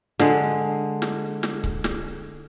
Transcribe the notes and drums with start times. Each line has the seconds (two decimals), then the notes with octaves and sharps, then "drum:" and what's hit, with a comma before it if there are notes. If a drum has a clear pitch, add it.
0.19 D3 G#3, drum: snare
1.02 drum: snare
1.43 drum: snare
1.64 drum: kick C#1
1.84 drum: snare